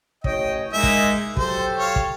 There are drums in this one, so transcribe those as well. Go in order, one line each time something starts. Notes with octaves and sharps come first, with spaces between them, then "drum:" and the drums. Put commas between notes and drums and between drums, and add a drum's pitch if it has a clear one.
A1 C#5 D#5 G5, drum: kick
G#3 A#3 D#4 E5
drum: kick
F#3 G4 A4 C5, drum: kick
C#5 F5
drum: kick